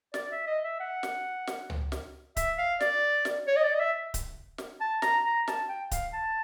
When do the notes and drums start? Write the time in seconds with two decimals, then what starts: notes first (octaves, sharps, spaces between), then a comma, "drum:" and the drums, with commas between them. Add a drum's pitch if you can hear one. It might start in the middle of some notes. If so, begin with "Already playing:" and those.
0.14 D5, drum: snare
0.31 E5
0.47 D#5
0.64 E5
0.80 F#5
1.03 drum: snare
1.47 drum: snare
1.70 drum: tom C#2
1.92 drum: snare
2.37 E5, drum: kick D1, hi-hat
2.58 F5
2.81 D5, drum: snare
3.25 drum: snare
3.47 C#5
3.56 D#5
3.63 D5
3.75 D#5
3.80 E5
4.14 drum: kick D1, hi-hat
4.58 drum: snare
4.81 A5
5.02 A#5, drum: snare
5.25 A#5
5.48 A5, drum: snare
5.69 G5
5.91 F5, drum: kick D1, hi-hat
6.13 A5